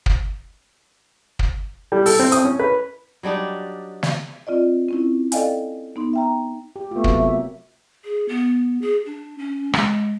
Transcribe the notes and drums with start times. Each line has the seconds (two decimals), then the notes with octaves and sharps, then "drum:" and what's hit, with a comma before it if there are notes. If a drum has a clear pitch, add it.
0.06 drum: kick
1.39 drum: kick
1.92 G3
2.06 A4, drum: open hi-hat
2.19 C4
2.32 D#6, drum: hi-hat
2.45 C#4
2.60 B4
3.23 F#3 G3 D4 D#4
4.03 drum: snare
4.47 C4 F4 D5 D#5
4.89 C4 C#4 E4
5.32 A4 D5 D#5 F5 G5 G#5, drum: hi-hat
5.96 B3 D#4 C6
6.13 E5 G5 A#5
6.76 G4
6.91 A3 B3 F4
7.04 C3 F#3 A#3, drum: kick
7.18 E5
8.04 G#4
8.29 B3
8.82 G#4
9.06 D4
9.38 C#4
9.73 G#3, drum: rim click